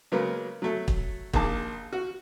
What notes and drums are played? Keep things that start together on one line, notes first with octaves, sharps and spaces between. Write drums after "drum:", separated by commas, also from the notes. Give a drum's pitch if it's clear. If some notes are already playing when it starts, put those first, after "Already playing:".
C#3 F#3 G#3 A#3 B3
F#3 A3
drum: kick
A#1 D#3 G#4 A5 D6, drum: kick
F#4